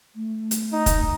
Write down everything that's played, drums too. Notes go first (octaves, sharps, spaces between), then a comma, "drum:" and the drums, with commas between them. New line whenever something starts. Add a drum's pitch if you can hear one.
A3
drum: hi-hat
D#4
drum: kick, hi-hat